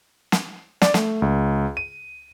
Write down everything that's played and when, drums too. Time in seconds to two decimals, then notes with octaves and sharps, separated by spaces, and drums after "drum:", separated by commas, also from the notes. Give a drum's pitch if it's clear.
0.32 drum: snare
0.82 D5, drum: snare
0.94 A3, drum: snare
1.22 C#2
1.77 D#7